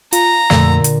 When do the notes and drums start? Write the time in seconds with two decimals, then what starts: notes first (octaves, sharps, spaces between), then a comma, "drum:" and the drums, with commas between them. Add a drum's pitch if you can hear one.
0.13 F4 A#5, drum: hi-hat
0.50 F2 A#2 D3 A3 E6, drum: snare
0.84 drum: hi-hat